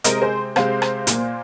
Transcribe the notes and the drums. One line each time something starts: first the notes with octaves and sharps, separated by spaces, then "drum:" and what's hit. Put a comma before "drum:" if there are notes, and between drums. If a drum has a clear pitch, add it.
C3 G#3 C4 A#4 D#5, drum: hi-hat
G#4 C5
C3 G#3 C4 C5 F5, drum: rim click
drum: rim click
A#2 A#3, drum: hi-hat